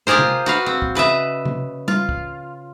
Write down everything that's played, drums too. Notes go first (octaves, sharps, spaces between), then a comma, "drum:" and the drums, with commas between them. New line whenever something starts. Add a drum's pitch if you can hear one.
F4 G4 G#4 A#4 C5
drum: tom
F#4 B4 F5
C4
drum: kick
C#3 B4 D#5 E5
drum: tom C3
F4, drum: tom
drum: kick